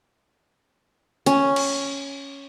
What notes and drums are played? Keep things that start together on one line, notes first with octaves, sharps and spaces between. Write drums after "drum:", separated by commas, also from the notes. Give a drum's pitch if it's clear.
C#4, drum: hi-hat
drum: cymbal